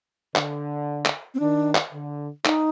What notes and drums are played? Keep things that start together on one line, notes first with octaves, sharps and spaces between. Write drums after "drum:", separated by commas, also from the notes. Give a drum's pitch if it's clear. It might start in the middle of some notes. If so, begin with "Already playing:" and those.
D3, drum: clap
drum: clap
C4
D#3 D4
drum: clap
D3
D#4, drum: clap